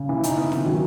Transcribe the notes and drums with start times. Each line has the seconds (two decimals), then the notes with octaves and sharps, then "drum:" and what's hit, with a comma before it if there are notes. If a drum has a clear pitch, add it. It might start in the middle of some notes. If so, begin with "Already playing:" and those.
Already playing: C#3
0.09 E3
0.23 D#4, drum: hi-hat
0.38 B3
0.52 D#3, drum: snare
0.66 F#3